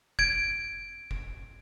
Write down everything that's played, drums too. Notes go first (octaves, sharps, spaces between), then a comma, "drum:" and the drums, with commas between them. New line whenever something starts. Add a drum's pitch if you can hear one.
G#6 D7, drum: kick
drum: kick